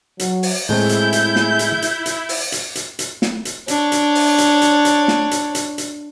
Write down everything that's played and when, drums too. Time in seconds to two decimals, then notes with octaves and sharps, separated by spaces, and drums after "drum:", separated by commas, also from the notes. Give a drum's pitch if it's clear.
0.19 F#3, drum: hi-hat
0.43 drum: open hi-hat
0.69 A2 G#3 C4 E4 G#4 G6
0.89 drum: hi-hat
1.13 drum: hi-hat
1.36 drum: snare
1.59 drum: hi-hat
1.82 drum: hi-hat
2.06 drum: hi-hat
2.29 drum: open hi-hat
2.52 drum: hi-hat
2.75 drum: hi-hat
2.99 drum: hi-hat
3.22 drum: snare
3.45 drum: hi-hat
3.68 D4 C#5, drum: hi-hat
3.92 drum: hi-hat
4.15 drum: open hi-hat
4.38 drum: hi-hat
4.62 drum: hi-hat
4.85 drum: hi-hat
5.08 drum: snare
5.31 drum: hi-hat
5.55 drum: hi-hat
5.78 drum: hi-hat